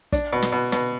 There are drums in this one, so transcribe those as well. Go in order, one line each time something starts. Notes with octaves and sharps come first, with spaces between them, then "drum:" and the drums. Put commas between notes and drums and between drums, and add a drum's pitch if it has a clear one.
D4, drum: kick, hi-hat
B2
drum: snare
B2
B2, drum: snare